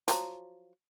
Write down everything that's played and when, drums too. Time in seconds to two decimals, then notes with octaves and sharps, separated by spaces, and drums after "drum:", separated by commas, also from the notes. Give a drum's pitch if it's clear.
0.08 F3 F#3 A#5, drum: hi-hat